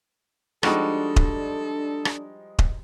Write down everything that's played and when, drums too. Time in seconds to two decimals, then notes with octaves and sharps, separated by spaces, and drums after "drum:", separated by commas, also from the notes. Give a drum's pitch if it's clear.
0.63 F3 G3 G#3 D4 D#4 F#4 A4, drum: rim click
1.16 drum: kick D#1
2.05 drum: rim click
2.59 drum: kick D#1